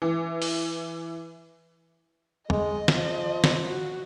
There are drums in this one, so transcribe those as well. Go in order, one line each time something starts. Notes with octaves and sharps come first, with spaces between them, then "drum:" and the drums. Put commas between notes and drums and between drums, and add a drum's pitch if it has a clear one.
E3
drum: open hi-hat
G#3 D#5, drum: tom
F3, drum: snare
drum: snare
F#4